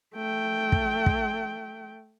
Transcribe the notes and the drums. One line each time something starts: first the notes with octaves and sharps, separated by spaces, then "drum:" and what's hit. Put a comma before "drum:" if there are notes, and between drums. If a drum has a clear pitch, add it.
A3 G5
drum: kick
drum: kick